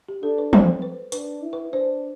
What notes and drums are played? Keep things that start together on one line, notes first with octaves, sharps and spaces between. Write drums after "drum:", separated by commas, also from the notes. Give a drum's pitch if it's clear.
G4
D4 A4
B4
C4 C5, drum: tom
B4
D4 B4, drum: hi-hat
E4
B4
D4 C5